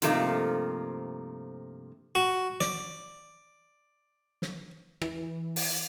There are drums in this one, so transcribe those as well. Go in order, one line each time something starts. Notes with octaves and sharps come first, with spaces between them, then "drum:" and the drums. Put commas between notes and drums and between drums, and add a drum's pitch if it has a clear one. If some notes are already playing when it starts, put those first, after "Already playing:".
G2 C3 F3 A3 A#3 D#4, drum: hi-hat
F#4
D5, drum: snare
drum: snare
E3, drum: rim click
drum: open hi-hat